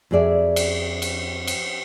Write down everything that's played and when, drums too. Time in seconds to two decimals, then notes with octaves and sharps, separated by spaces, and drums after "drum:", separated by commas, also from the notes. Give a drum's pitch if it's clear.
0.11 F2 F#4 G#4 D5 E5
0.56 drum: cymbal
1.02 drum: cymbal
1.47 drum: cymbal